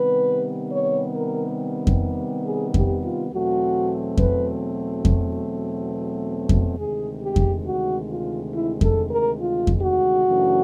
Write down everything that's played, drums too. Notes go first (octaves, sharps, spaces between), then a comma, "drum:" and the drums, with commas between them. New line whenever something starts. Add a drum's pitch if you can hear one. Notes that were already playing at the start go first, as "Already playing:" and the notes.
Already playing: C3 D#3 G3 B3 B4
C#5
A#4
drum: kick F2
G#4
G4, drum: kick F2
F4
E2 B2 F#3 A3 C4 F#4
B4, drum: kick F2
drum: kick F2
drum: kick F2
D2 C3 D#3 G#3 G#4
G4
drum: kick F2
F#4
F4
E4
A4, drum: kick F2
A#4
F4
drum: kick F2
F#4
F#2 C#3 E3 A3 D4